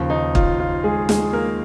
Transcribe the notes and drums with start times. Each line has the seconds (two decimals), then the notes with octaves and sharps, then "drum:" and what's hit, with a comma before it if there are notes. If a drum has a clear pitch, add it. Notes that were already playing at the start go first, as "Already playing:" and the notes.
Already playing: D#2 C#3 F3
0.10 D#4
0.35 F4, drum: kick
0.59 F4
0.84 G#3 G#4
1.09 G#3 G#4, drum: snare
1.33 A#3 A#4